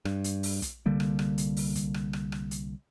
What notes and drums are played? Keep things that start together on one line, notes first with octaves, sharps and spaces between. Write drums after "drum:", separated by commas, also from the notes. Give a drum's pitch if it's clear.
G2, drum: rim click
drum: hi-hat
drum: open hi-hat
drum: kick, hi-hat
C2 D3 G3 A#3
drum: rim click
drum: rim click
drum: hi-hat
drum: open hi-hat
drum: kick, hi-hat
drum: rim click
drum: rim click
drum: rim click
drum: hi-hat